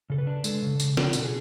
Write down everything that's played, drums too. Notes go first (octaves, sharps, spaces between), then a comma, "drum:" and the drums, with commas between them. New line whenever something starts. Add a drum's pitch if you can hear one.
C#3 A4
B4
D4
G#3 A4, drum: tambourine
C#3
C#3, drum: tambourine
D4 F#4, drum: snare
B2 F#4, drum: tambourine
G#4